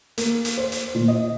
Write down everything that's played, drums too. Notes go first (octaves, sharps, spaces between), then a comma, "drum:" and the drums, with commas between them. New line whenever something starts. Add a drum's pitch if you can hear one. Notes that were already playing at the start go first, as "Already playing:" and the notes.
A#3, drum: hi-hat
drum: hi-hat
C5
drum: hi-hat
A#2
D#5